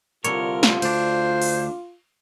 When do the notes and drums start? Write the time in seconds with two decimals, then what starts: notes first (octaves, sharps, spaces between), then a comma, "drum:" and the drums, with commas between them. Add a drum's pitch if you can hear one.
0.25 C2 D3 F4 A#4 C#5, drum: hi-hat
0.63 drum: snare
0.82 D2 D4 C5, drum: cymbal
1.42 drum: open hi-hat